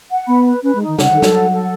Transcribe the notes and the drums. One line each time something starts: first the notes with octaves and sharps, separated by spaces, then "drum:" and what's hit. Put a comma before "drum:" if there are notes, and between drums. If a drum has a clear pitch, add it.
F#5
B3 B5
B4
C#4 B4
G#3
D#4
D#3
C#3 F#5, drum: snare
D#3
A4
F#3, drum: snare
F#5
A4